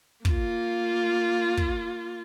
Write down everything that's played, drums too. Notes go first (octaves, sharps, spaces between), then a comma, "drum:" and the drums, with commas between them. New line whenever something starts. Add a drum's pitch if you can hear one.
A#3 F4, drum: kick
drum: kick